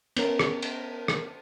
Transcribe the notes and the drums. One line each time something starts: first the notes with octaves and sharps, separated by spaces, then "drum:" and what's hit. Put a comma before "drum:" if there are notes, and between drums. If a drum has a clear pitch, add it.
B3 C#4 A#4, drum: cymbal
drum: rim click
drum: cymbal
drum: rim click